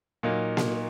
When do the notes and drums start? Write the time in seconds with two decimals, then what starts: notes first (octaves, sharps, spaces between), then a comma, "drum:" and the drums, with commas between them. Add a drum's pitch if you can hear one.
0.23 A#2 F#3 A#3 D#4
0.57 drum: snare A#3